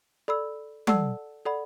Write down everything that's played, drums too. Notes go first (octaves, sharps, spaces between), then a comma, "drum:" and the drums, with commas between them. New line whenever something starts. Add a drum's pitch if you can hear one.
A4 D5 B5 E6
A4 D5 F#5 A5 E6, drum: tom
A4 D5 F#5 B5